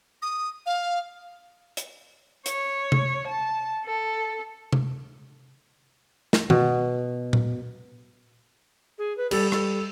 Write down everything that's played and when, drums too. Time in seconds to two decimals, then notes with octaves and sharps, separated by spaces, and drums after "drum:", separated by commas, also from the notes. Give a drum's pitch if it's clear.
0.22 D#6
0.66 F5
1.77 drum: hi-hat
2.46 C#5, drum: hi-hat
2.92 drum: tom C3
3.28 A5
3.84 A4
4.72 drum: tom C3
6.33 drum: snare
6.50 B2, drum: tom D#3
7.33 drum: tom A#2
8.98 G#4
9.17 B4
9.31 G3 A4, drum: cymbal
9.52 A4, drum: rim click